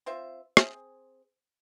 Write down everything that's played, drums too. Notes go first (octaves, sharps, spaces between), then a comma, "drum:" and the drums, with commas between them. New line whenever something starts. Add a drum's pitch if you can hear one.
C4 F4 C5 E5
C4 G#4, drum: rim click